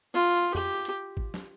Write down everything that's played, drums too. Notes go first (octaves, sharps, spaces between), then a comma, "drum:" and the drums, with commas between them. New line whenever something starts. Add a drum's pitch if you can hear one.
F4
G4, drum: tom F2
drum: hi-hat
drum: kick
drum: snare